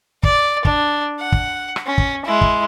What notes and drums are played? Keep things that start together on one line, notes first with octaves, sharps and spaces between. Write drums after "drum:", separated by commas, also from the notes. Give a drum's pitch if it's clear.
D5, drum: kick
D4, drum: kick
F#5
drum: kick
drum: rim click
C#4
drum: kick
G#3 E4
drum: kick